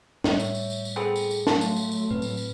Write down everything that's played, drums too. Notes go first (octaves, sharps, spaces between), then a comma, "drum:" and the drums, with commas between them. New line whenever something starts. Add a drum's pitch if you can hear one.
A2 G3 C#5 E5, drum: snare
drum: tambourine
drum: tambourine
drum: tambourine
drum: tambourine
G#3 B3 C4 G#4 A4
drum: tambourine
drum: tambourine
F#3 A3 F4 A5 C6, drum: snare
drum: tambourine
drum: tambourine
drum: tambourine
A2 C4 B4
drum: tambourine
drum: tambourine